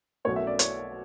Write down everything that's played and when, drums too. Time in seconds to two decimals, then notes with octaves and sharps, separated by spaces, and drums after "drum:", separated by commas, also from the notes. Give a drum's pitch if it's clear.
0.25 B1 B2 A3 C#5
0.36 E5
0.47 D5
0.59 C#5, drum: hi-hat